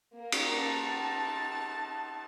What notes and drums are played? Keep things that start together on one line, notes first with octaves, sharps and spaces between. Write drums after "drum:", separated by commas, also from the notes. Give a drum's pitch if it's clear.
A#3 A#4
drum: cymbal
A5